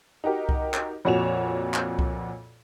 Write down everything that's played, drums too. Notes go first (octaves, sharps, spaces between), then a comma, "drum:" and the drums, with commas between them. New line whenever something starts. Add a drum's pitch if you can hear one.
D#4 F#4 G4 A#4
drum: kick C2
drum: clap
F2 A#2 F#4 C#5 E7 F7
drum: clap
drum: kick C2